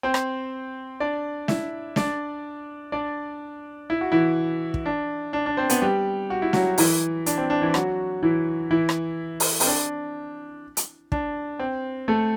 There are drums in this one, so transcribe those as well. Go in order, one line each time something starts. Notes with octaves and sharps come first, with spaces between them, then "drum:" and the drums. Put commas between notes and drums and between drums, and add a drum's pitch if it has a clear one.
C4 C5
drum: rim click
D4 D5
E4 E5, drum: snare
D4 D5, drum: snare
D4 D5
E4
F#4
E3 E4
drum: kick
D4
D4
D4
C4 C5
B3 B4, drum: hi-hat
G3 G4
F#4
E4
F#3 F#4, drum: snare
E3 E4, drum: open hi-hat
D4, drum: hi-hat
C4
D4
E3 E4
F#3 F#4, drum: rim click
E3 E4
E3 E4
drum: rim click
drum: open hi-hat
C4, drum: open hi-hat
D4
drum: hi-hat
D4, drum: kick
C4
A3 A4